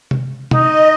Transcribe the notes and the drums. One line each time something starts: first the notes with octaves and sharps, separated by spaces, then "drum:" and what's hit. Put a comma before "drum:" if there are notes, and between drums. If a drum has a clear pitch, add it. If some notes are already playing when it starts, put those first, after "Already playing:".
drum: tom C3
D#4 D#5, drum: tom